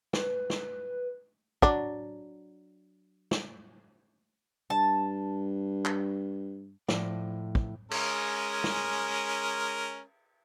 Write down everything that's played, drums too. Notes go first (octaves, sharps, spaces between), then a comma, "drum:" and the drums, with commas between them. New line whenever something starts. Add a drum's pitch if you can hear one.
B4, drum: snare
drum: snare
F#3 D4, drum: kick
drum: snare
G2 A5
drum: clap
A2 F3 D5, drum: snare
drum: kick
G#3 C#4 A#4, drum: cymbal
drum: snare